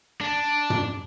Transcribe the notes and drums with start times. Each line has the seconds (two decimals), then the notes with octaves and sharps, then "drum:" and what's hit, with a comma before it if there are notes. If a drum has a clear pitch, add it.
0.21 D4
0.70 drum: tom